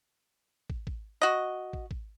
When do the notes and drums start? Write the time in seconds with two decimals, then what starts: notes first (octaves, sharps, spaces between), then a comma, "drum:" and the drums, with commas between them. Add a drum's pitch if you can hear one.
0.70 drum: kick
0.87 drum: kick
1.21 F#4 D#5
1.73 drum: kick
1.91 drum: kick